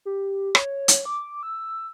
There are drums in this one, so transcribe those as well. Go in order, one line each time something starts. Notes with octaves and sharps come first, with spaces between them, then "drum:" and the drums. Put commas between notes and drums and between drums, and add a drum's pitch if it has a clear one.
G4
C#5, drum: rim click
drum: hi-hat
D6
E6